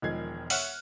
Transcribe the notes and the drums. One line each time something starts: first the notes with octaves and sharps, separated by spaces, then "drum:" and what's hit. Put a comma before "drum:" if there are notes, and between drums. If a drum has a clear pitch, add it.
E1 D#3 F3 G#3 G#6 C7
C#5 E5 F#5 F6 F#6, drum: open hi-hat